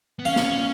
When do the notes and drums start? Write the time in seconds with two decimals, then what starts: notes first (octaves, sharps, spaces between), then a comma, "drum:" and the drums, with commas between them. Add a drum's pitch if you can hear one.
0.19 B3
0.25 C#4 F5
0.36 drum: snare